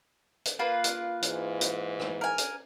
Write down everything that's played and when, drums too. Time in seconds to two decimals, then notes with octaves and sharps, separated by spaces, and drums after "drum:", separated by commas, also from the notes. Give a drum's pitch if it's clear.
0.45 drum: hi-hat
0.59 A#3 F4 B4
0.84 drum: hi-hat
1.22 G#2 E3, drum: hi-hat
1.61 drum: hi-hat
2.00 drum: rim click
2.21 A#4 G#5
2.38 drum: hi-hat